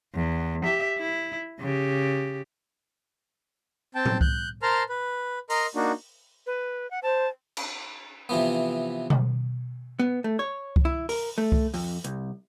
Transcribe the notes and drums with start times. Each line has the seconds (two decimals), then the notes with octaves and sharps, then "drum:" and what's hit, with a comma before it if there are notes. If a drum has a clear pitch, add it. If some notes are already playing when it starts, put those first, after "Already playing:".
0.15 E2
0.64 G4 E5
0.98 E4
1.59 C#3 G4
3.95 C4 G5 A5
4.05 drum: tom A2
4.21 F#6 G6, drum: kick C2
4.62 A#4 C5 A5 A#5 C6 F6
4.89 B4
5.50 A#4 D#5 A#5 C6, drum: open hi-hat
5.75 A#3 D4 D#4 F#4
6.47 B4
6.91 F#5
7.03 C5 A5
7.57 drum: cymbal
8.29 C3 E3 F3 B3
9.10 drum: tom B2
9.99 B3
10.24 A3
10.39 C#5
10.76 drum: kick C2
10.85 E4
11.09 A#4, drum: open hi-hat
11.38 A3
11.52 drum: kick C2
11.74 F2, drum: open hi-hat
12.04 C2, drum: hi-hat